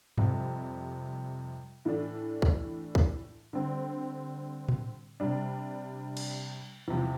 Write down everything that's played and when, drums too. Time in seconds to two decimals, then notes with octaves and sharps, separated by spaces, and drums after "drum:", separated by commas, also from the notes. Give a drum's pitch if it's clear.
0.18 F2 C3 G3, drum: tom G2
1.85 A2 E3 A3 D4
2.42 drum: kick
2.95 drum: kick
3.53 D3 G3 C4
4.68 drum: tom A2
5.20 C3 G3 D4
6.17 drum: cymbal
6.88 E2 C3 F3